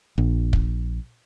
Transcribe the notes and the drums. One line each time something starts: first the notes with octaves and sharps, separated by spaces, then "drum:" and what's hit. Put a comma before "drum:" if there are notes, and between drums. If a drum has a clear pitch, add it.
A#1
drum: kick